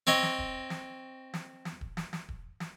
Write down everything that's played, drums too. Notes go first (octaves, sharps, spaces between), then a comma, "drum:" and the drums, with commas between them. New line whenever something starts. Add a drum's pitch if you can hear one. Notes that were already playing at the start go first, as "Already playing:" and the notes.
C4 C#5 D#5, drum: snare
drum: snare
drum: kick D#1
drum: snare
drum: snare
drum: snare
drum: kick D#1
drum: snare
drum: snare
drum: kick D#1
drum: snare